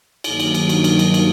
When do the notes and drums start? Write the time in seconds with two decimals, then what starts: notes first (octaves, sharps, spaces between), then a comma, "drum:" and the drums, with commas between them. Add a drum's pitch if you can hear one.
0.24 G2 D#3 F#3 A#3, drum: cymbal
0.40 drum: cymbal
0.54 drum: cymbal
0.69 drum: cymbal
0.84 drum: cymbal
0.99 drum: cymbal
1.14 drum: cymbal